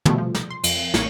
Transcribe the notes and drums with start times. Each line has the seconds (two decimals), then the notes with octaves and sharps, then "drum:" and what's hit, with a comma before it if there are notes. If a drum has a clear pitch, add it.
0.05 B2 F3 G3 A3, drum: tom
0.18 F3
0.35 drum: snare
0.50 C6
0.64 F2, drum: cymbal
0.94 A1 A2 A#3 C#5 C#7 D#7, drum: snare